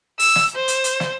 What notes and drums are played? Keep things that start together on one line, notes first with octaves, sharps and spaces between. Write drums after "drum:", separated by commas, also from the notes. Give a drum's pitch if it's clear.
E6, drum: open hi-hat
drum: snare
C5
drum: hi-hat
drum: hi-hat
drum: snare